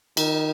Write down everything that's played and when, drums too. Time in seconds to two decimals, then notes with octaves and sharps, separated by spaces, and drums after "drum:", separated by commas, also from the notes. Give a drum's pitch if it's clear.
0.17 D#3, drum: cymbal